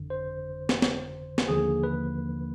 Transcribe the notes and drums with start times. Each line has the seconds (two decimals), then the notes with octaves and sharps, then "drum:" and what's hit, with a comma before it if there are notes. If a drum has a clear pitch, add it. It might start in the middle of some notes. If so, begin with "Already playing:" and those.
Already playing: G1 F2 D3
0.10 C5
0.69 drum: snare
0.82 drum: snare
1.38 drum: snare
1.48 D#2 D3 F3 A#3 G#4
1.83 B4